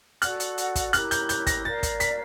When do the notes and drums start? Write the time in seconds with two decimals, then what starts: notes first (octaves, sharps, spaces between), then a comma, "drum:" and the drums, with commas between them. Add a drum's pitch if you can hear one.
0.22 F#4 A4 D5 F#5 F#6, drum: hi-hat
0.40 drum: hi-hat
0.58 drum: hi-hat
0.76 drum: kick, hi-hat
0.93 E4 G4 A#4 F#6, drum: hi-hat
1.11 G6, drum: hi-hat
1.29 G6, drum: hi-hat
1.47 A#6, drum: kick, hi-hat
1.65 A#4 D5 F5 A6
1.83 drum: kick, hi-hat
2.00 B6, drum: hi-hat